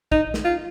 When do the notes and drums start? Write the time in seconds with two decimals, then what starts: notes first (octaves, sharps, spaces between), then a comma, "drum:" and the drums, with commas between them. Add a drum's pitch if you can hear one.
0.12 D#4, drum: kick
0.34 drum: snare
0.45 F4